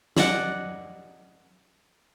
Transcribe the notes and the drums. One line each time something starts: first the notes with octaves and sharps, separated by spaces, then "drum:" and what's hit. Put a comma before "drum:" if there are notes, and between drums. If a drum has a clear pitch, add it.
D5 D#5 F#5, drum: snare